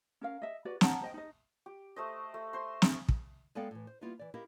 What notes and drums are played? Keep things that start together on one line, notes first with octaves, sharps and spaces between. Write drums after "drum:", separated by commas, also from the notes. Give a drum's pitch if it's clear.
C#4 A#4 F5
D#5 E5
F#4 B4 D5
C#5 F#5 A5 A#5, drum: snare
C5 D#5 G5
D#4 D#5
G4
A3 C5 D#5
A3
C5 C6
drum: snare
drum: kick
G#3 B3 A4 D5 F5 G5
A2 E3
C5
G3 A#3 B3 E4 F4
E3 D5
E4 G4 A#4 D#5 F5